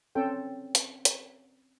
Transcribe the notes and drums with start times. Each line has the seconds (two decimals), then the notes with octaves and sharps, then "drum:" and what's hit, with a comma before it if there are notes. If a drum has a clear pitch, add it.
0.15 C4 C#4 A4 G5
0.75 drum: hi-hat
1.05 drum: hi-hat